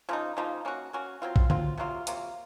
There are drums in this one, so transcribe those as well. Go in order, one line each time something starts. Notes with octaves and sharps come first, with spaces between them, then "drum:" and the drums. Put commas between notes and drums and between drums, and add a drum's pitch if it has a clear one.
C#3 F3 A#3 D#4
C#3 F3 A#3 D#4
A#3 C#4 F#4
A#3 C#4 F#4
F#3 C4 F4
drum: kick A#1
F#3 C4 F4, drum: tom D3
C3 F#3 A#3 F4
C3 F#3 A#3 F4, drum: hi-hat